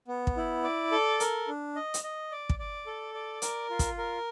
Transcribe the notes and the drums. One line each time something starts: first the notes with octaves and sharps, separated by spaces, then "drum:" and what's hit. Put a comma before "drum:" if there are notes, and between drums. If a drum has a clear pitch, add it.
B3
drum: kick
E4
D5
A4
A#4, drum: hi-hat
D4
D#5
drum: hi-hat
D#5
D5
drum: kick
D5
A4
D5
A#4, drum: hi-hat
F4
drum: kick, hi-hat
A#4